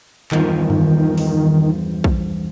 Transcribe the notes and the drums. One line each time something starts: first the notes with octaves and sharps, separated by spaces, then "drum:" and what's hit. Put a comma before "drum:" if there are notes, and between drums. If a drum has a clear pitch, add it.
E2 G2 D#3 F3, drum: clap
drum: tom F#2
drum: open hi-hat
drum: kick